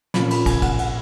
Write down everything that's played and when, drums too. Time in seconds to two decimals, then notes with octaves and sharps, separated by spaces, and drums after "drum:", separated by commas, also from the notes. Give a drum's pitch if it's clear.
0.14 A#2 F3 A#3 C#4 B5, drum: snare
0.31 B5, drum: cymbal
0.46 G#5, drum: kick, cymbal
0.62 F#5, drum: kick, cymbal
0.79 F#5, drum: cymbal